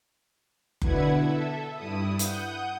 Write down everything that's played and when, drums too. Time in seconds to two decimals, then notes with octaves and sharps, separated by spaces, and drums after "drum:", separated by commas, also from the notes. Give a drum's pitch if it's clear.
0.82 B2 D3 E4 B4 F#5 G#6, drum: kick F#1
1.21 A4 E5
1.75 G2 E4 D#6
2.19 F#5 D#6 G6, drum: hi-hat